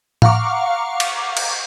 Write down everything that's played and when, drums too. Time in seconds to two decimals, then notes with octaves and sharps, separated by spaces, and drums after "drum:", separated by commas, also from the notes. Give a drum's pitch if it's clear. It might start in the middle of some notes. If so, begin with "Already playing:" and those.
0.22 F5 F#5 A#5 C#6 D6, drum: tom A2
1.00 drum: cymbal
1.37 drum: cymbal